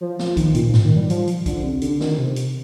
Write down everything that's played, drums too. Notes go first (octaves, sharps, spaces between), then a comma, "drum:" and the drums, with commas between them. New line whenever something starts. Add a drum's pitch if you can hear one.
F3
F3, drum: snare
D#3, drum: kick, hi-hat
A#2, drum: hi-hat
G#2, drum: snare
D#3
G3
F3, drum: hi-hat
drum: hi-hat
D3, drum: kick, hi-hat
C3
D3, drum: hi-hat
D#3, drum: snare
C3
drum: hi-hat